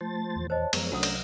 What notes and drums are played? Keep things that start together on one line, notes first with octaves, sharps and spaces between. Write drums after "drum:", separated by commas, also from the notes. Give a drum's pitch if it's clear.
F3 A3 C5 A5 A6
D#1 E2
C5 C#5 D#5 A5
F#2 F3 G#3 B3 C#5 A#5, drum: cymbal
C2 F#3 A3 C#4 D4 F#4 F#5 D#6
drum: cymbal